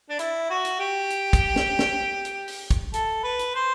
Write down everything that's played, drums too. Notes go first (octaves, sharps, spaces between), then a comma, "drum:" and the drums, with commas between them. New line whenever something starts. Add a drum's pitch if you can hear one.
D4
E4, drum: hi-hat
F#4
drum: hi-hat
G4
drum: hi-hat
drum: kick, hi-hat
drum: snare
drum: snare
drum: hi-hat
drum: open hi-hat
drum: kick, hi-hat
A4, drum: hi-hat
B4
drum: hi-hat
C5